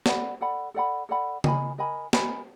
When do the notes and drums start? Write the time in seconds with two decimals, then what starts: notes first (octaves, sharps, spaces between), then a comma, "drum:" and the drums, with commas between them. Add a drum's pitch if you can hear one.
0.06 A4 D5 F#5 B5, drum: snare
0.41 A4 D5 F#5 B5
0.74 A4 D5 F#5 B5
1.09 A4 D5 F#5 B5
1.44 A#4 D#5 G#5 B5, drum: tom C#3
1.78 A#4 D#5 G#5 B5
2.13 A#4 D#5 G#5 B5, drum: snare